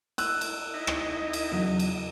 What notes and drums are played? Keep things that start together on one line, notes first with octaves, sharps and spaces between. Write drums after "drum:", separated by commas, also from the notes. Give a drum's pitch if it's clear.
E6 F#6, drum: cymbal
drum: cymbal
D#4 E4 D#5
drum: rim click
drum: cymbal
E2 C#3 F#3
drum: cymbal